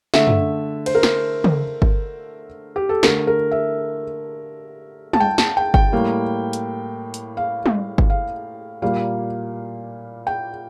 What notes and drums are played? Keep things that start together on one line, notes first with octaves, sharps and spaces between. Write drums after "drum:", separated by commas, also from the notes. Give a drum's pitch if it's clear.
D3 A3 E5, drum: snare
drum: tom F#2
C5, drum: cymbal
A#4
C5, drum: snare
drum: tom
drum: kick G1
G4
A4
D3 A3 A#4, drum: snare
A#4
E5
A5, drum: tom G3
G5
A5, drum: snare
G5
G5, drum: kick G1
A2 G3 A#3
drum: hi-hat
drum: hi-hat
F5
drum: tom G3
drum: kick G1
F5
A#2 G3 A#3 F5
G5